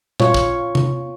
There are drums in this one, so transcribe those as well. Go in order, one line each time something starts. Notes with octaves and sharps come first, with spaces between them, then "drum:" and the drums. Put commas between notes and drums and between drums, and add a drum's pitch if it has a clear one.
F4 C#5, drum: tom A#2
drum: kick
drum: tom C3